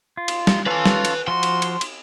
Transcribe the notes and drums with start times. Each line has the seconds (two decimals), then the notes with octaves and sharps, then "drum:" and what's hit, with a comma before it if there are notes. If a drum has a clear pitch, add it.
0.17 F4
0.28 drum: cymbal
0.47 drum: snare
0.66 C#4 F4 A4 B4 G#5
0.86 drum: snare
1.05 drum: cymbal
1.28 F3 F#4 C6
1.43 drum: cymbal
1.62 drum: cymbal
1.81 drum: cymbal